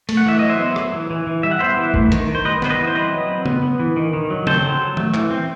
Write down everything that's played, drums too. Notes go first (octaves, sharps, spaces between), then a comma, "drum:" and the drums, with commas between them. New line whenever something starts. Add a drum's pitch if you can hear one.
A3, drum: cymbal
F#5
E3 E5
F#3 D#5
C5 E5
B3
F#3, drum: rim click
E3
E3
E3
G3 E5
F#5
B3 C5 E5
E3
A3, drum: kick
D#3, drum: hi-hat
D#3
C5
G3 B4 D#5
B3 C5, drum: snare
B4 D#5
E3
C5
C4 B4 D#5
F#3
C4
B3, drum: tom
B3
E3
D#3
D#3
F#3
C4 A4 C5, drum: tom
F#3
F#3
A3, drum: tom
E3, drum: clap
C4